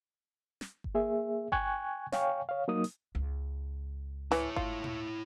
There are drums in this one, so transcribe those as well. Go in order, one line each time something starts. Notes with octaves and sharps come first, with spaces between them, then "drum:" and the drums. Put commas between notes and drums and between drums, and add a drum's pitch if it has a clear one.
drum: snare
drum: kick G1
A#3 G#4 E5
G5 G#5 C#6 F#6 G#6, drum: kick G1
C#5 F5 G5 G#5 C#6, drum: snare
C#5 F5
F#3 A#3 D#4 D#6
drum: hi-hat
C#2
E3 E4 C#5, drum: snare
F4, drum: kick G1
drum: tom A#2